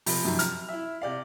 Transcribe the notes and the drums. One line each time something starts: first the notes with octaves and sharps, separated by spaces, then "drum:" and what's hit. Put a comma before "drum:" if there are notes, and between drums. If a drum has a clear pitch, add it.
C3 F3 B5, drum: open hi-hat
F#2 D#4
F6, drum: hi-hat
E4 E5
C3 D5 F5